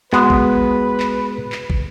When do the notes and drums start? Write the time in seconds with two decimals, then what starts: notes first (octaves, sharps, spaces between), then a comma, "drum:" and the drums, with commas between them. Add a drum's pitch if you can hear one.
0.12 G#3 B3 F#4 B4, drum: clap
0.30 drum: kick
1.00 drum: clap
1.52 drum: clap
1.70 drum: kick